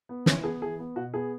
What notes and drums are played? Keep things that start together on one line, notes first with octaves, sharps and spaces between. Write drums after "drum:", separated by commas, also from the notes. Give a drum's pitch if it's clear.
B3
E3 C#4, drum: snare
B3 G#4
E3 G#4
B3
B2 F#4
B3 G#4